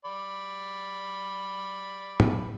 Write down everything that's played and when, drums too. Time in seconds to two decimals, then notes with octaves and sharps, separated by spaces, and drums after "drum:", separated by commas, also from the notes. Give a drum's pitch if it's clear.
0.05 D5 B5
2.20 drum: tom